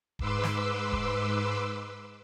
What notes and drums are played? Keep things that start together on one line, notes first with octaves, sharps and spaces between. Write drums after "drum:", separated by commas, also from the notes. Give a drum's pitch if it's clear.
G#2 B4 C6 D6 E6, drum: kick D#1
drum: snare
drum: kick D#1